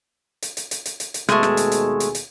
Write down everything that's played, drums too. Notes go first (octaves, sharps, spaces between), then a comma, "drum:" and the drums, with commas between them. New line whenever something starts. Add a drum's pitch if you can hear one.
drum: hi-hat
drum: hi-hat
drum: hi-hat
drum: hi-hat
drum: hi-hat
drum: hi-hat
D#2 B2 G#3 A3 G#4, drum: rim click
drum: rim click
drum: hi-hat
drum: hi-hat
drum: hi-hat
drum: hi-hat